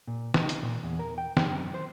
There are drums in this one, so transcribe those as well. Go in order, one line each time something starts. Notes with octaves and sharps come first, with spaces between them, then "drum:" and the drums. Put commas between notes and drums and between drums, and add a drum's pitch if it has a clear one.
A#2
D#4, drum: snare
drum: hi-hat
A#2
E2
A#4
G5
F#2, drum: snare
C5